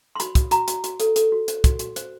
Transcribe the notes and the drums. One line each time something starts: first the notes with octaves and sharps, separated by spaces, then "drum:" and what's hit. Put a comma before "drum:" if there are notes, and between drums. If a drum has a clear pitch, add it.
C6
F#4 B5, drum: hi-hat
F#4, drum: kick, hi-hat
F#4 A#5, drum: hi-hat
F#4, drum: hi-hat
F#4, drum: hi-hat
A4, drum: hi-hat
A4, drum: hi-hat
F#4
C5, drum: hi-hat
F#4, drum: kick, hi-hat
F#4, drum: hi-hat
C5, drum: hi-hat